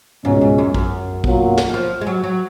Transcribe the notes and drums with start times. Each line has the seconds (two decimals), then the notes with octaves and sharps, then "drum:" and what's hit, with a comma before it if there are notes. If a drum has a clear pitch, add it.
0.25 C#2 G#2 B2 G#3 C#4
0.41 G#2
0.58 F#2
0.74 F#2, drum: kick
1.24 B2 F#3 A#3 F4, drum: kick
1.57 drum: snare
1.69 D#3
1.74 F3
2.01 G#3
2.07 F#3
2.24 F#3